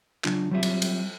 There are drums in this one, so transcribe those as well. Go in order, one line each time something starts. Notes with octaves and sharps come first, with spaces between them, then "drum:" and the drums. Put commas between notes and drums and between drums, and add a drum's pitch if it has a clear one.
C#3 F#3 D4 F4, drum: clap
F#3 G3 C4 F4 G4 E5
drum: cymbal
drum: cymbal